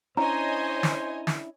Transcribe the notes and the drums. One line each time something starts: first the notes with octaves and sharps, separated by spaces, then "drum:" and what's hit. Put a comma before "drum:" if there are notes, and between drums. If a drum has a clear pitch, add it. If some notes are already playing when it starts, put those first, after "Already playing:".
C#4 D4 E4 C5 C#5 D#5 G#5 A#5
drum: snare
drum: snare